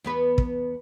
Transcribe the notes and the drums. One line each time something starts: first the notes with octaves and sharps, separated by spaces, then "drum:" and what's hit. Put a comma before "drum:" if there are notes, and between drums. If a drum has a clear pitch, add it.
E2 B3 B4
drum: kick